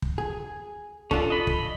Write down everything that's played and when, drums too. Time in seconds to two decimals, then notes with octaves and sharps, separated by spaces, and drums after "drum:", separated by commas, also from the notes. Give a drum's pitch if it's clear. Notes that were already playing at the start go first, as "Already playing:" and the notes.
0.02 drum: kick
0.18 G#4
1.11 C#4 D4 F4 A4, drum: kick
1.30 D#5 B5
1.47 drum: kick